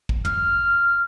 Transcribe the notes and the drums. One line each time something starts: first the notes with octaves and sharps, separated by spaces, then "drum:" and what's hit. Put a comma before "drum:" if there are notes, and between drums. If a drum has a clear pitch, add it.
drum: kick A1
F6, drum: tom